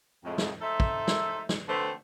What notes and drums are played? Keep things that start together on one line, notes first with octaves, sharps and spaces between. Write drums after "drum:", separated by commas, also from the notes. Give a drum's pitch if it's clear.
F2 A2 G#3
drum: snare
D#4 A4 C5 E5
drum: kick
drum: snare
drum: snare
D3 F#3 A3 C4 B4 C5